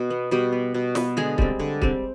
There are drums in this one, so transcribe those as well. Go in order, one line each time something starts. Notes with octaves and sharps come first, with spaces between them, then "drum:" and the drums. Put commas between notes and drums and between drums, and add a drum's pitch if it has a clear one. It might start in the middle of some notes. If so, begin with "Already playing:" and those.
Already playing: B2
B3
B2 G3 G4
B3
B2
B3, drum: snare
D3 G#3 G#4
G3 C4, drum: kick C#1
D3
G3 C4, drum: kick C#1